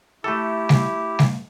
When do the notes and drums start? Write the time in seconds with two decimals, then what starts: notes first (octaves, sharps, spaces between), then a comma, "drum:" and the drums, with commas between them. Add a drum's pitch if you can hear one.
0.24 A3 E4 G4 A4
0.69 drum: snare G3
1.19 drum: snare G3